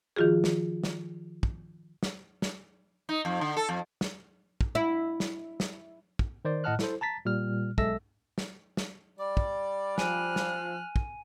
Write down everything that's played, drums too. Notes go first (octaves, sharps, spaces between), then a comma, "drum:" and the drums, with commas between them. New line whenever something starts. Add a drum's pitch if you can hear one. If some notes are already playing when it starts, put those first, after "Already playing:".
D#3 F3 F4 F#4 G#4
drum: snare
drum: snare
drum: kick
drum: snare
drum: snare
D#4
F2
D3
A4
F2
drum: snare
drum: kick
E4
drum: snare
drum: snare
drum: kick
D#3 C5 D5
A2 D#5 F#5 A5 F6 F#6
E4 A4 C5, drum: snare
A5 A#5 A6 B6
A#2 G3 F6
B1 G#3 A4 E5 E6 A#6, drum: kick
drum: snare
drum: snare
G3 D5
drum: kick
F3 G#5 F6 F#6 D#7, drum: snare
drum: snare
drum: kick